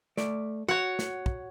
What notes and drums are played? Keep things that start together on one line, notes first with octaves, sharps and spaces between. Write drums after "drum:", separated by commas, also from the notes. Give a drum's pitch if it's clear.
A3 D5, drum: snare
F#4 C#5 F#5
drum: snare
drum: kick